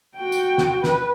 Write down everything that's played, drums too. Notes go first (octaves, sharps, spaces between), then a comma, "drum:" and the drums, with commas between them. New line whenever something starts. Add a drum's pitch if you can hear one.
F#4 G5
drum: tambourine
drum: snare
B4, drum: snare